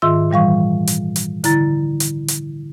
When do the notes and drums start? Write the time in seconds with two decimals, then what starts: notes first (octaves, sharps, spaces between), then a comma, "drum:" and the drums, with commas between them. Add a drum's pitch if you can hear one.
0.02 G#2 D#3 F4 E5 C6 E6
0.30 A#2 E3 G3 F5 C#6
0.87 drum: hi-hat
1.16 drum: hi-hat
1.44 D3 E4 A#5 A6, drum: hi-hat
2.00 drum: hi-hat
2.28 drum: hi-hat